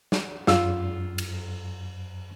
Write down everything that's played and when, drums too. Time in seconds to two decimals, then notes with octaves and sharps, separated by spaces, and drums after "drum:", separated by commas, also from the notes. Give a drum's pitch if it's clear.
0.12 drum: snare
0.47 F#2 F4 E6, drum: snare
1.18 drum: cymbal